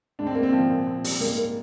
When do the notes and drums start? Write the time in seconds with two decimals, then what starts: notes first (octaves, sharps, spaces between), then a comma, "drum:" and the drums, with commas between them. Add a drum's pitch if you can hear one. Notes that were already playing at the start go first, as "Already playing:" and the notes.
0.19 G#2 D4
0.27 C4
0.35 G#2 A#3
0.43 C4
0.53 F3
0.70 A#2
0.87 A#2
1.04 G3, drum: open hi-hat
1.20 G#2 A#3
1.38 A#3